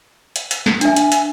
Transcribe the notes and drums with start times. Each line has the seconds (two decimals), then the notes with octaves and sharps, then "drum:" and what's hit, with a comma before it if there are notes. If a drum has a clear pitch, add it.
0.36 drum: hi-hat
0.51 drum: hi-hat
0.66 drum: snare
0.81 D4 E5 G#5, drum: hi-hat
0.96 drum: hi-hat
1.12 drum: hi-hat